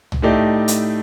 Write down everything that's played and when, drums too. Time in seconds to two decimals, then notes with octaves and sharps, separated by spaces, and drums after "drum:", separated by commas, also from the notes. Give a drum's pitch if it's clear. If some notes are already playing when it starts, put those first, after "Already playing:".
0.12 drum: tom
0.22 A2 A3 D#4 G4 D5
0.68 drum: hi-hat